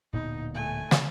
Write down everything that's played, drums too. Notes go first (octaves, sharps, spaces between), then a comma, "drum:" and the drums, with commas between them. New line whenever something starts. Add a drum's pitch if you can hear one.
D1 A#2 B3 D#4
A3 G#5
drum: snare